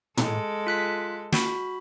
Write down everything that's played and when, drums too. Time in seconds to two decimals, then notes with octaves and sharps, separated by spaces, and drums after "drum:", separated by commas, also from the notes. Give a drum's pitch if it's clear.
0.17 G#3 A4, drum: tom
0.67 F4 F#6 B6
1.32 F#4 B5, drum: snare